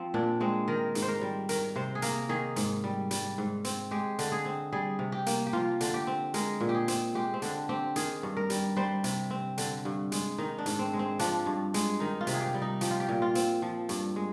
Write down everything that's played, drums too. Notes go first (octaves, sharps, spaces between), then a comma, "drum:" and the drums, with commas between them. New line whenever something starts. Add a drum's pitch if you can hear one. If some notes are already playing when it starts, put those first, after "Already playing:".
Already playing: F3 C4
A#2 D4
G#3 C4
D#3 A#4
G#2, drum: hi-hat
C5
A#4
G3
D#3 A#4, drum: hi-hat
C3 C5
G#4
A#3 A#4, drum: hi-hat
D#3 G#4
G#2, drum: hi-hat
G3
G3, drum: hi-hat
G#2
C4, drum: hi-hat
G#3 G4
D3, drum: hi-hat
G#4
C4
G3 G#4
C3
G4
A#3, drum: hi-hat
G4
F3 F4
D3, drum: hi-hat
G4
C4
G#3 A#4, drum: hi-hat
A#2
G4
G#4
C4, drum: hi-hat
G#3 G4
C4
D3 D4, drum: hi-hat
C4 G4
D#3 G#4, drum: hi-hat
G2
A#4
G3, drum: hi-hat
G3 C5
C3, drum: hi-hat
C4
D3, drum: hi-hat
G2
G#3, drum: hi-hat
D#3 D#4
D4
G#2, drum: hi-hat
C4
G#3
C4
F3 D4, drum: hi-hat
G2
G#3, drum: hi-hat
D#3 D#4
F4
C3, drum: hi-hat
G#4
G4
G3
D#4
F3 G4, drum: hi-hat
F4
G4
A#2
F4
C4, drum: hi-hat
F3
G2, drum: hi-hat
G#3